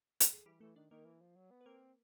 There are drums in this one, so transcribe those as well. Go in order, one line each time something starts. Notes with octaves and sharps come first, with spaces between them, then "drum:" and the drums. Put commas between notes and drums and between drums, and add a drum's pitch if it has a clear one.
A4, drum: hi-hat
G#4
E3 G3 G4
E3 A3 A4
D#3 D4 D5
D#3 A#3 A#4
E3
F3
F#3
B3
B4
A#3 C4 A#4